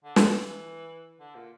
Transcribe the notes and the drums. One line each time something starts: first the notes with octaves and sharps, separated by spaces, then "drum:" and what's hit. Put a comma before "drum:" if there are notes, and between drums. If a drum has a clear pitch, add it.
D3
D#3, drum: snare
E3
D3
A#2